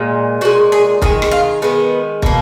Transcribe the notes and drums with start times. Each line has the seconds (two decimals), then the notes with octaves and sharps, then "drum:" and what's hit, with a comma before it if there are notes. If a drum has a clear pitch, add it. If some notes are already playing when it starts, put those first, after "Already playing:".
Already playing: A#2 G#3
0.41 A#2 G#3 F#4
0.72 G#4
1.02 D#3 G#3 G#4, drum: kick
1.22 drum: rim click
1.31 F4
1.62 D#3 G#3 B3
2.22 B2 A#3, drum: kick